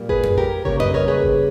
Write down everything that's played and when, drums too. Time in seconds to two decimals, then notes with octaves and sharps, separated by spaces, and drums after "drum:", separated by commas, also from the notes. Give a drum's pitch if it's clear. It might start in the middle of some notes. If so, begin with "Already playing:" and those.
Already playing: A#2 G3 A#3
0.09 G#4 B4, drum: kick G1
0.23 drum: tom F2
0.38 G4 A#4
0.65 C#3 G3 A#3 A#4 C#5, drum: kick G1
0.80 B4 D#5, drum: tom F2
0.94 A#4 C#5
1.08 G#4 B4
1.23 drum: kick G1